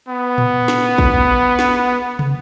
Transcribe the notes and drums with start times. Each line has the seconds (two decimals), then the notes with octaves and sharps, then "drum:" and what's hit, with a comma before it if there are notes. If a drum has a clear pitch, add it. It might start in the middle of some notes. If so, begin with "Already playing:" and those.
0.08 B3
0.38 drum: tom A2
0.68 drum: snare
0.98 drum: kick
1.59 drum: snare
2.19 drum: tom